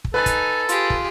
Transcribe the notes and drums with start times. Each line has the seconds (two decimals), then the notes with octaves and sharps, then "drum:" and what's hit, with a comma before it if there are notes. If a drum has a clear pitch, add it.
0.04 drum: kick
0.14 D#4 A4 B4 G#5 F#6 A6
0.26 drum: kick, hi-hat
0.69 F4 G4 G#4, drum: hi-hat
0.90 drum: kick